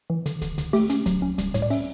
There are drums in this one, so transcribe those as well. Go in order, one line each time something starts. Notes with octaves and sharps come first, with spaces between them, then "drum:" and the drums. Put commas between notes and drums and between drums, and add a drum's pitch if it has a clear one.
E3
D3, drum: hi-hat
D3, drum: kick C#2, hi-hat
D3, drum: hi-hat
A3 G4, drum: open hi-hat
C#4, drum: hi-hat
F#3, drum: kick C#2, hi-hat
C#4
G3, drum: kick C#2, hi-hat
A2 C#5, drum: hi-hat
D5
C#4 E5, drum: open hi-hat